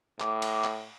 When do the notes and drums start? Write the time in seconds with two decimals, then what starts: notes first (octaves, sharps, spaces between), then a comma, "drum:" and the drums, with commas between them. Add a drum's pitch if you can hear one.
0.20 A2 D6, drum: clap
0.42 drum: cymbal
0.64 drum: clap